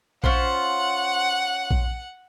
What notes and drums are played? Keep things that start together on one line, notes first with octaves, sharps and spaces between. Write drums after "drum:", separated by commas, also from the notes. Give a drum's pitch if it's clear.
C#4 F4 C5 F#5, drum: kick A#1
drum: kick A#1